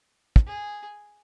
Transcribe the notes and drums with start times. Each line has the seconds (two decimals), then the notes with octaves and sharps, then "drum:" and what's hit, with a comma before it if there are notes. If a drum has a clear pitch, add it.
0.36 drum: kick
0.46 G#4